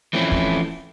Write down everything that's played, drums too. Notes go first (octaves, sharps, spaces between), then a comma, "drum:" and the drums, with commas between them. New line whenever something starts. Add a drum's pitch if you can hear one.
E3 F3 A3 C4 C#4 E4
drum: kick